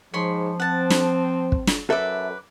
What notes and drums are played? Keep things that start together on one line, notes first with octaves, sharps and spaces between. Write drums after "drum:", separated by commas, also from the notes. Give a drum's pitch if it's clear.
G#2 F3 C#5 B5 C6
C4 F#5 A5
drum: snare
drum: kick
drum: snare
F#2 A4 B4 E5 D6